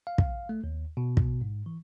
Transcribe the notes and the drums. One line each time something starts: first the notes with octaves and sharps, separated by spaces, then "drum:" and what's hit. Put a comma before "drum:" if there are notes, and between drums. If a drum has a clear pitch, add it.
F5
drum: kick
A3
D#2
B2
drum: kick
G#2
E3